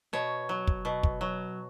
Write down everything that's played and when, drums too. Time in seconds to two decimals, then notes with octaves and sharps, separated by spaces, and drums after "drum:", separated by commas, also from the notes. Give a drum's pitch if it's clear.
0.13 B2 C#5
0.49 F#3
0.67 drum: kick
0.85 B2
1.03 drum: kick
1.21 F#3